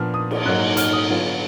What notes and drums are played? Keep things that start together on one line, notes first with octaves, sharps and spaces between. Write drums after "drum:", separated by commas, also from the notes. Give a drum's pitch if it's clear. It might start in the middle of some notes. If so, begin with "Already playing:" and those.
Already playing: A#2 F3 B3 D4 F6
D#6
drum: cymbal
G#2 F#3 A#3 F#6
F6, drum: hi-hat
D#6
D3 F#3 B3 F4